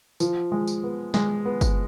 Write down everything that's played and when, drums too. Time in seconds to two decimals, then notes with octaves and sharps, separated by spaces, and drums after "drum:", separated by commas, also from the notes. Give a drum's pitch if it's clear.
0.20 F3, drum: tambourine
0.52 G#3
0.67 drum: tambourine
0.84 B3
1.14 G#3, drum: snare
1.45 B3
1.61 drum: kick, tambourine